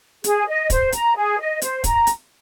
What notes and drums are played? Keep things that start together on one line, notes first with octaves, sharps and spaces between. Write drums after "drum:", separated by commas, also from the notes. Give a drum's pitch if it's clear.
G#4, drum: hi-hat
D#5
C5, drum: kick, hi-hat
A#5, drum: hi-hat
G#4
D#5
C5, drum: hi-hat
A#5, drum: kick, hi-hat
drum: hi-hat